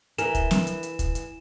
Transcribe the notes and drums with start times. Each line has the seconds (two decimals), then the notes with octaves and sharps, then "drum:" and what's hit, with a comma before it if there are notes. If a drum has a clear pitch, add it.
0.18 E3 A#4 E5 E7, drum: hi-hat
0.35 drum: kick, hi-hat
0.51 drum: snare
0.67 drum: hi-hat
0.83 drum: hi-hat
0.99 drum: kick, hi-hat
1.15 drum: hi-hat